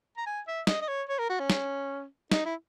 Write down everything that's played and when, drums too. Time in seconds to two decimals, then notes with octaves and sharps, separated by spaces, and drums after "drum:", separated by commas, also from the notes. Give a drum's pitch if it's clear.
0.17 A#5
0.26 G#5
0.48 E5
0.67 D#5, drum: snare
0.82 D#5
0.88 C#5
1.09 C#5
1.19 A#4
1.30 F#4
1.40 C#4
1.50 drum: snare
2.32 D#4, drum: snare
2.45 E4